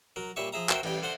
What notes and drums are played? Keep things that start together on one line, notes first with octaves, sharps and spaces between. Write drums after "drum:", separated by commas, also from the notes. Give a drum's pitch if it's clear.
F#3 A#4
A#2 G3 C#5 E5 C#6
F3 G#4 E5 A#5
F#4 A#4 C5 E5 G5, drum: clap
A1 G3 G5, drum: cymbal
D3 C5 F#5 C6